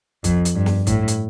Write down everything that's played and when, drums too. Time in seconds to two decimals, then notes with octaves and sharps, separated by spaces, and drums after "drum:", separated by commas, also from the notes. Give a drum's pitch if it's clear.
0.24 F2, drum: kick C2, hi-hat
0.45 drum: hi-hat
0.55 G2
0.66 drum: snare
0.87 A2, drum: kick C2, hi-hat
1.08 drum: hi-hat